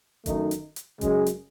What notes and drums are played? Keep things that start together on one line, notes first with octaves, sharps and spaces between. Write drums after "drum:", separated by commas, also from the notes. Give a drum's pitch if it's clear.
F#2 D#3 A3 D#4, drum: kick F1, hi-hat
drum: hi-hat
drum: hi-hat
F#2 C#3 G#3, drum: kick F1, hi-hat
drum: hi-hat